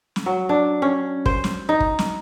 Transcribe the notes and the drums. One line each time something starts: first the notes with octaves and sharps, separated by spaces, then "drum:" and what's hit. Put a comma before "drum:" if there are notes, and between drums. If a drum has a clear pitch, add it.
drum: snare
F#3
D4
C#4
C5, drum: kick
drum: snare
D#4
drum: kick
drum: snare